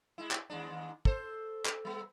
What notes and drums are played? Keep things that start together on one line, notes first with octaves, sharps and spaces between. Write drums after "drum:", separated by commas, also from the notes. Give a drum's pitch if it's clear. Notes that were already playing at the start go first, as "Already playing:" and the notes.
G#3 E4
drum: clap
D#2 G#3 D4
A4 C5, drum: kick
drum: clap
G3 B3